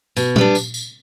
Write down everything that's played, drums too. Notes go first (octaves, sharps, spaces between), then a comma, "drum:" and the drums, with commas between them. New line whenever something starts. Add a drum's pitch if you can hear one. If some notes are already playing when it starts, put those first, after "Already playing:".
B2, drum: tambourine
G3 B3 D4, drum: tom A#2
drum: tambourine
drum: tambourine